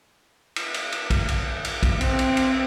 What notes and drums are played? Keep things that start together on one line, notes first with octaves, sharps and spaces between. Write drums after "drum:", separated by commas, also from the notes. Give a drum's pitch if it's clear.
drum: cymbal
drum: cymbal
drum: cymbal
drum: kick, cymbal
drum: cymbal
drum: cymbal
drum: kick, cymbal
C4, drum: cymbal
drum: cymbal
drum: cymbal